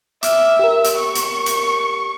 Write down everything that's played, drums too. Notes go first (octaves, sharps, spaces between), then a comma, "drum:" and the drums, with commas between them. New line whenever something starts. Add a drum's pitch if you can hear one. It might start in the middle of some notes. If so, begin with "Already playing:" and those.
E5 D6 F6, drum: hi-hat
G4 A#4
drum: hi-hat
C#6
drum: hi-hat
drum: hi-hat